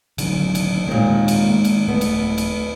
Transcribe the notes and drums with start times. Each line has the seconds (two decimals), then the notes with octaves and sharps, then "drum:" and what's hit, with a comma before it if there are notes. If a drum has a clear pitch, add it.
0.18 D3 D#3 F#3, drum: cymbal
0.55 drum: cymbal
0.88 D#2 A#2 D#3 G#3
1.28 drum: cymbal
1.65 drum: cymbal
1.88 D#1 A3 B3
2.01 drum: cymbal
2.38 drum: cymbal